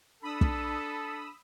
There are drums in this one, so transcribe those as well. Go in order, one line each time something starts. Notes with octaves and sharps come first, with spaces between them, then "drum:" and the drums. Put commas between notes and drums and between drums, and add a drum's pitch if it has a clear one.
D4 A4 B5 D#6 E6
drum: kick